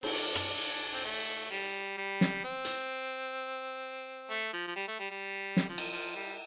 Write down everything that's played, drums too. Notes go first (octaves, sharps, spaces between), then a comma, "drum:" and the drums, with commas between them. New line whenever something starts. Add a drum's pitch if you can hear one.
C4, drum: cymbal
D4
drum: rim click
C4
A3
G3
G3
drum: snare
C4
drum: hi-hat
A3
F3
F3
G3
A3
G3
G3
drum: snare
F3
drum: cymbal
F3
G3